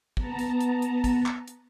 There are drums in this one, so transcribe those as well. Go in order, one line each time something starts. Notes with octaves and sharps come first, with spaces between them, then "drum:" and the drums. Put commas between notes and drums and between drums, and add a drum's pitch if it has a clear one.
B3 A5 A#5, drum: kick
drum: hi-hat
drum: hi-hat
drum: hi-hat
drum: kick, hi-hat
drum: clap
drum: hi-hat